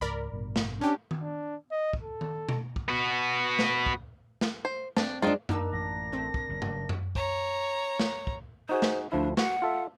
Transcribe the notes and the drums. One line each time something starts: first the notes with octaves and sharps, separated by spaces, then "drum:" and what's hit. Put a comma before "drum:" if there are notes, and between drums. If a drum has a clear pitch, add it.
C#2 G#2 A#4 D5 B5
A1 G2 B2
drum: snare
C#4 D4 G4
drum: tom D#3
D4
D#5
drum: kick
A4
drum: tom D#3
drum: tom B2
drum: kick
B3 F#4
drum: snare
drum: kick
drum: snare
C5
C4 D4, drum: snare
D#3 F3 G#3 D4 F4
A#3 D4 D#4 A#4 E6, drum: tom F#2
A1 A#6
A3 C4
drum: kick
F#1 C#3
drum: tom G2
drum: tom F#2
C#5 A#5, drum: kick
drum: snare
drum: kick
D#4 F#4 G#4 C5
drum: snare
D2 F3 D4 E4
F#4 F#5, drum: snare
F4 A4 E5